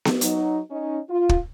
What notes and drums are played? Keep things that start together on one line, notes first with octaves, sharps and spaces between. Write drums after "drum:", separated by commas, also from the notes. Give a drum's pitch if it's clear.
drum: snare B3
F#3 D#4, drum: hi-hat
C#4 D#4
F4
drum: kick